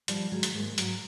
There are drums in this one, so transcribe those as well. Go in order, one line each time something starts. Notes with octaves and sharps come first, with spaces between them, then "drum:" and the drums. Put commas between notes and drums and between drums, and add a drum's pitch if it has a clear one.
D#3 F3 G3, drum: hi-hat
D#3 F#3 G#3
drum: hi-hat
G#2 G#3 A#3
G#2 F#3, drum: hi-hat